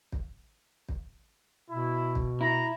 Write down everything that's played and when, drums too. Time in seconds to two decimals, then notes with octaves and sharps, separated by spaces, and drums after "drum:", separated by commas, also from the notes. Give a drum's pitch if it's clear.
0.12 drum: kick
0.89 drum: kick
1.70 B2 E4
2.15 drum: kick
2.41 E4 A#5